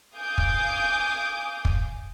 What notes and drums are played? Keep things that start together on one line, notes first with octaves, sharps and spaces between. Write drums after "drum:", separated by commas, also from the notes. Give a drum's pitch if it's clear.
F5 G#5 D6 D#6 G6
drum: kick
drum: kick